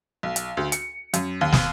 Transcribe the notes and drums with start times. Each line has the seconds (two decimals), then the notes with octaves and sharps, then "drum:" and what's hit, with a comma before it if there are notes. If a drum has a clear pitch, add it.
0.23 B1
0.36 drum: hi-hat
0.57 D2
0.72 C#7, drum: hi-hat
1.14 F#2, drum: hi-hat
1.41 D#2
1.52 drum: snare